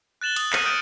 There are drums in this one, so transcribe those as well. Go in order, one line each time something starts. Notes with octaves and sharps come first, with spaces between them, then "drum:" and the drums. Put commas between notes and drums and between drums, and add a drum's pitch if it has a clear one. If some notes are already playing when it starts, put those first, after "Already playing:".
F#6 A6 E7 F#7 G7
D#6, drum: hi-hat
D#6 F6 A#6 C#7 D#7 F#7, drum: clap
D#6 F6 G6 D7